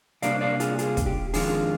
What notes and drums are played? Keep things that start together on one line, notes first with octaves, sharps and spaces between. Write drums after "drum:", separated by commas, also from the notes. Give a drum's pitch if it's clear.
C3 G3 A#3 D4 D5 F5, drum: hi-hat
D5 F5
F4 G#4, drum: hi-hat
F4 G#4, drum: hi-hat
drum: kick, hi-hat
G4
F2 D#3 G#3 D4 F4 G#4, drum: open hi-hat